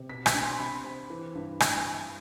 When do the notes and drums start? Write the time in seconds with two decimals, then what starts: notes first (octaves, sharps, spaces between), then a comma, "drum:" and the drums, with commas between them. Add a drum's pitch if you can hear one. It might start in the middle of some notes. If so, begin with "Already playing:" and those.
Already playing: C3
0.09 B2 B6
0.26 B6, drum: rim click
0.34 D4
0.42 C6
0.59 C3 B5
0.84 C4
1.10 E3
1.35 G2
1.60 drum: rim click